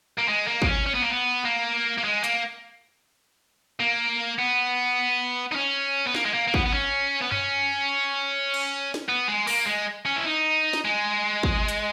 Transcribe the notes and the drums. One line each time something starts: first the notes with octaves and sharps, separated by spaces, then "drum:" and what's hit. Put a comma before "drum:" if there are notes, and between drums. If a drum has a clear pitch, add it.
A#3
G#3
A#3
B3, drum: kick
C#4
C#4
B3
A#3
B3
A#3
A#3
G#3
A#3, drum: hi-hat
A#3
B3
D#4
C#4
B3
A#3, drum: snare
G#3
A#3
A#3
B3, drum: kick
B3
C#4
B3
C#4, drum: tom F#2
drum: cymbal
drum: snare
B3
G#3
A#3, drum: open hi-hat
G#3
C#4
E4
D#4
drum: snare
G#3
drum: kick
drum: hi-hat